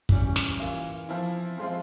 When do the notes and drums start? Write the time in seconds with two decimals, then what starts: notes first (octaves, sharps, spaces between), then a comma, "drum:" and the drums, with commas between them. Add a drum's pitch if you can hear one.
0.09 C#3 E3 G3 C#4, drum: kick
0.36 drum: snare
0.60 E3 A#3 F4
1.08 F3 C4 E4
1.58 F3 G#3 C4 F4